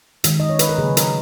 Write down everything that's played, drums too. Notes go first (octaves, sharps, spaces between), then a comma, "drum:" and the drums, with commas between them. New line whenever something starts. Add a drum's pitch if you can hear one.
D#3 G#3, drum: hi-hat
D#5
C#5
B4, drum: hi-hat
A#4
C#3 F#3 A#3 G#4
A#4, drum: hi-hat